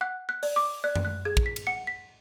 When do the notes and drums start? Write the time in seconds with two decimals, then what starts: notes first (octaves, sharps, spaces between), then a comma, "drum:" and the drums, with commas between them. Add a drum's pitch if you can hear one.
0.01 F#5 F#6
0.29 F#6
0.43 D5, drum: open hi-hat
0.56 D6
0.84 D5 F#6
0.96 drum: tom F#2
1.05 F#6
1.25 G#4 G#6
1.37 drum: kick
1.46 B6
1.56 drum: cymbal
1.67 F#5 C#7
1.87 B6